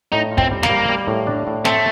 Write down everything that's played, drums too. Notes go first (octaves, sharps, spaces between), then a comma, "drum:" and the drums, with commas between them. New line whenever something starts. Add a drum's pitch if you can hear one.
A2 D#4
F4
C4, drum: kick
G3
A#3, drum: snare
G3
G3
A2
D4
A2
A3 C4, drum: snare